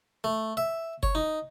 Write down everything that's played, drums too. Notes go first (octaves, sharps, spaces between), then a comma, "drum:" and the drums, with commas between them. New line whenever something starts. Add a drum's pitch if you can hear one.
A3
E5
C#5, drum: kick F#1
D#4